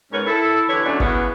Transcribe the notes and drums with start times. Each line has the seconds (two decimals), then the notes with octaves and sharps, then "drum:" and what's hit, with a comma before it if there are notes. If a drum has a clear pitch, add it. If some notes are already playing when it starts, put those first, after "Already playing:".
0.12 G#2 B3 C#4 A#4 B4 C#5
0.26 E4 A4
0.68 D3 E3 E4 G4 C#5
0.85 F#2 B2 F#3 A3 C#4 D4
1.00 C#3 E3 F#3 B3, drum: kick G1